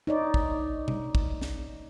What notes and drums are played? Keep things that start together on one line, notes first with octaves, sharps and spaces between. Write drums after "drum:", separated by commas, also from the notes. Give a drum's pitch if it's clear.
D#4 C#5 D5
drum: kick
drum: tom B2
drum: kick
drum: snare